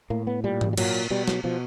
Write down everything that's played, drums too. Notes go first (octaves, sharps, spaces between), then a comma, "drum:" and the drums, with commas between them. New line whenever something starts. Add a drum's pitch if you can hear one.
A2 A#3
B3
A#2 G3
drum: tom G#2
G3
A#2 F#3, drum: cymbal
B2 G3
F#3, drum: snare
B2 F3